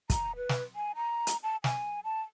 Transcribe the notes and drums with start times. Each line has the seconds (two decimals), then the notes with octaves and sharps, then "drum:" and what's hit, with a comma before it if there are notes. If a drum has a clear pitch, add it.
0.10 A#5, drum: kick, hi-hat
0.36 B4
0.49 drum: snare
0.75 G#5
0.96 A#5
1.27 drum: hi-hat
1.43 A5
1.64 G#5, drum: snare
2.04 A5